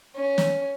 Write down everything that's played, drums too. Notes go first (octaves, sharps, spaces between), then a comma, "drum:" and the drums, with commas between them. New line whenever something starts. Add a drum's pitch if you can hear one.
C#4
drum: snare